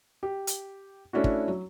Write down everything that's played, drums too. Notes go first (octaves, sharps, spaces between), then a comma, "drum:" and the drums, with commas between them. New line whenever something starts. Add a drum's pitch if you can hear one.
G4
drum: hi-hat
A3 C#4 D4 E4 F#4
drum: kick
F#3